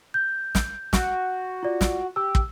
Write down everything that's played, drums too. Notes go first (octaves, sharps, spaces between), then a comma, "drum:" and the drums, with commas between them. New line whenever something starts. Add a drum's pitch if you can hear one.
G6
drum: snare
F#4, drum: snare
F4 D5
drum: snare
G4 E6
drum: kick